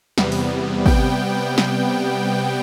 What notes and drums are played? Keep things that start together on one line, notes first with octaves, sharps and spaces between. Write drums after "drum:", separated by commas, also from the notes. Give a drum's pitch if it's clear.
E2 C3 G3 B3, drum: snare
drum: open hi-hat
C3 G3 B3 G5, drum: kick
drum: snare